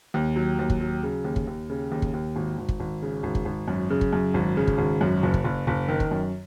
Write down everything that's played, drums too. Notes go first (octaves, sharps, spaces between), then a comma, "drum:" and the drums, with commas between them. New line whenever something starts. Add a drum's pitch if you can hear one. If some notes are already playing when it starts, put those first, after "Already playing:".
D#2
F#3
D#2
drum: kick
F#3
C#3
D#2
drum: kick
D#2
C#3
D#2
drum: kick
D#2
G#1
G#1
drum: kick
G#1
C#3
G#1
drum: kick
G#1
F#2
C#3
drum: kick
F#2
G#1
C#3
drum: kick
G#1
F#2
F#1
drum: kick
F#1
F#1
D#3
drum: kick
F#2